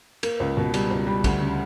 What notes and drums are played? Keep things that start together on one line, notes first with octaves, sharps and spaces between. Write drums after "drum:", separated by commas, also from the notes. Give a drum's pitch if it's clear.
A#3, drum: cymbal
C#2
B2
G3, drum: cymbal
C#2
G3
D2, drum: kick, cymbal
C#3